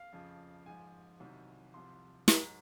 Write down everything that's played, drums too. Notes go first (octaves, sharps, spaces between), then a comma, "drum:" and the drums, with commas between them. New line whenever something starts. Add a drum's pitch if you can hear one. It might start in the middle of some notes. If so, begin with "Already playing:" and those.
Already playing: F5
F2 C#3 F3
G#2 F3 G#5
C2 C3 D#3 F#3
C2 C3 F3 C6
G#2 F#3 A#5, drum: snare